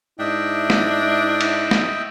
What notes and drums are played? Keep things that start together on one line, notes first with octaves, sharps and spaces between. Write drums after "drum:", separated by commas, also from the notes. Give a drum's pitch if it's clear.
G#2 D4 E4 D#5 E5 G5
drum: snare
drum: cymbal
drum: snare